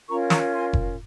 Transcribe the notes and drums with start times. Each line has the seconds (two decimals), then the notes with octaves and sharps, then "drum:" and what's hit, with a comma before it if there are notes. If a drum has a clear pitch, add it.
0.09 C#4 F4 A#4 A#5 C#6
0.30 A#5 C#6, drum: snare
0.51 G#5 C6
0.73 drum: kick F1